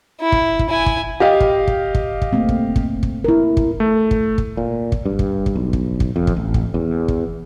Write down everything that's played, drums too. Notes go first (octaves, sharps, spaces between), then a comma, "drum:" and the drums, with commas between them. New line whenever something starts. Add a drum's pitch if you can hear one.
E4
drum: kick
drum: kick
E4 G#5
drum: kick
G4 D#5 F5
drum: kick
drum: kick
drum: kick
drum: kick
A3 A#3 C4
drum: kick
drum: kick
drum: kick
E4 A#4
drum: kick
A3
drum: kick
drum: kick
A#2
drum: kick
G2
drum: kick
drum: kick
B1
drum: kick
drum: kick
F2
drum: kick
A1
drum: kick
E2
drum: kick